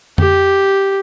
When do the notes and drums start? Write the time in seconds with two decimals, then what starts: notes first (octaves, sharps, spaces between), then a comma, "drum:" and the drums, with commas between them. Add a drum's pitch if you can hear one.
0.18 G4, drum: tom F2